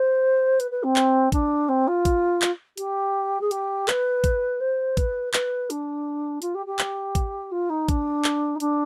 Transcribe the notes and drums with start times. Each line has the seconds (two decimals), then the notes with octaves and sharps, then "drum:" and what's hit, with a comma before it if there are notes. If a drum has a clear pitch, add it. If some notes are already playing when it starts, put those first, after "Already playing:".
Already playing: C5
0.60 B4, drum: hi-hat
0.71 B4
0.83 C4
0.96 drum: clap
1.32 D4, drum: kick, hi-hat
1.69 C4
1.88 F4
2.05 drum: kick, hi-hat
2.42 drum: clap
2.77 G4, drum: hi-hat
3.41 G#4
3.51 G4, drum: hi-hat
3.88 B4, drum: clap
4.24 drum: kick, hi-hat
4.60 C5
4.97 B4, drum: kick, hi-hat
5.33 B4, drum: clap
5.70 D4, drum: hi-hat
6.42 F4, drum: hi-hat
6.55 G4
6.66 G4
6.79 drum: clap
7.15 drum: kick, hi-hat
7.52 F4
7.70 D#4
7.88 D4, drum: kick, hi-hat
8.24 drum: clap
8.55 D#4
8.60 D4, drum: hi-hat